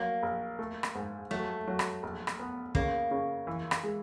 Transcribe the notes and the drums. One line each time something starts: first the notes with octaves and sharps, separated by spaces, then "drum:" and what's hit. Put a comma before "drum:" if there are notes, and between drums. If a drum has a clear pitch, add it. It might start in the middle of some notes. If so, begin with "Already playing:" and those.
Already playing: F#3 A#3
A#1
A3
drum: rim click
G#2
F#3 A3
F#3
drum: rim click
A#1
drum: rim click
B3
C#3 A#3, drum: kick
C#3
E3
drum: rim click
G#3